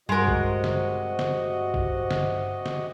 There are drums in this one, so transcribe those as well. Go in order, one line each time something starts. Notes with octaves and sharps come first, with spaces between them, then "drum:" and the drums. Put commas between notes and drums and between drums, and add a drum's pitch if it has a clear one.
G2 C3 G#3 F#4 A#4 D#5
drum: kick
drum: snare
drum: snare
drum: kick
drum: snare
drum: snare